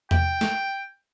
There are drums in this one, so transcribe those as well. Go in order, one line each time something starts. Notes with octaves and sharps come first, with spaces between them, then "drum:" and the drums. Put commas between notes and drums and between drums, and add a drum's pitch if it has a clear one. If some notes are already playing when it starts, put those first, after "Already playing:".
G5, drum: tom E2
drum: snare